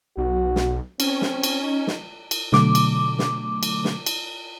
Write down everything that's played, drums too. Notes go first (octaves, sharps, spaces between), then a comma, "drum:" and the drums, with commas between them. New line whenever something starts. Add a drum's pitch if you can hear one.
B1 F#4
drum: snare
C4 C#4, drum: cymbal
drum: snare
drum: cymbal
D#4
drum: snare
drum: cymbal
B2 D3 F#3 A3 D6, drum: snare
drum: cymbal
drum: snare
drum: cymbal
drum: snare
drum: cymbal